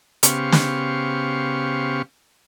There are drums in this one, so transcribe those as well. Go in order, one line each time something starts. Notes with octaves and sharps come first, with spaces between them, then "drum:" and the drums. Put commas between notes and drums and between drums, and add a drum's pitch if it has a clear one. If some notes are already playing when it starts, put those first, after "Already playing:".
C#3 B3 G4 C5 F5 C#6, drum: hi-hat
drum: snare